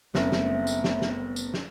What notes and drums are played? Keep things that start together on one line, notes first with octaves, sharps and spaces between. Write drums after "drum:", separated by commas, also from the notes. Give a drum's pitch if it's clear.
F#1 G3 A3 B3 C4 E5, drum: snare
drum: snare
drum: tambourine
drum: snare
drum: snare
drum: tambourine
drum: snare